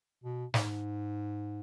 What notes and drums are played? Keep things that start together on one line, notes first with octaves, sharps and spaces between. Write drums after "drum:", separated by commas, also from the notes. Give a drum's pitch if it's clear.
B2
G#2, drum: snare